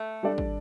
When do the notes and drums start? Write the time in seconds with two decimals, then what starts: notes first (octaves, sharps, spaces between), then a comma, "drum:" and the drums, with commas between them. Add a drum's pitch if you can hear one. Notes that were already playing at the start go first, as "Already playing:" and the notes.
Already playing: A3
0.23 G3 D4 A4 D5
0.38 drum: kick